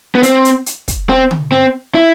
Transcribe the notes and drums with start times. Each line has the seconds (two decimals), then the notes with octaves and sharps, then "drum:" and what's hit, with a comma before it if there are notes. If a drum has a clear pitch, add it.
0.15 B3
0.23 C4, drum: hi-hat
0.45 drum: hi-hat
0.66 drum: hi-hat
0.88 drum: kick, hi-hat
1.09 C4
1.31 drum: tom D3
1.52 C4
1.95 E4